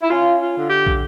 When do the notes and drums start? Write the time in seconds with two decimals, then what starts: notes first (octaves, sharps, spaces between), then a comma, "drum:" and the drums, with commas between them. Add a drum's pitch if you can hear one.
0.02 E4
0.10 C#4 F4
0.40 F4
0.55 D3
0.69 G4
0.87 drum: kick